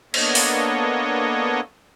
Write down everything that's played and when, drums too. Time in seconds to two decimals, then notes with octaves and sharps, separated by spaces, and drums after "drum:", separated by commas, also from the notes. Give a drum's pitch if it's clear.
0.14 A#3 B3 D4 A4 C#5 D#5, drum: cymbal
0.35 drum: open hi-hat